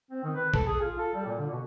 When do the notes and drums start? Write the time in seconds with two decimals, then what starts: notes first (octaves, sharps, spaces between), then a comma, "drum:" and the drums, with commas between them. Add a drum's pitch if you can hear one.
0.11 C4
0.24 D#3
0.35 B4
0.54 A4, drum: kick
0.66 G#4
0.81 F4
0.99 A4
1.15 G3
1.26 A#2
1.38 D3
1.50 B2